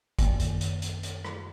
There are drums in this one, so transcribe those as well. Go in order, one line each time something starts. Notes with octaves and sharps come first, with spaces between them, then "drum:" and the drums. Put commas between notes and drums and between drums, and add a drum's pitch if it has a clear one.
F#2 D#3 A#3, drum: kick, hi-hat
drum: hi-hat
drum: hi-hat
drum: hi-hat
drum: hi-hat
drum: rim click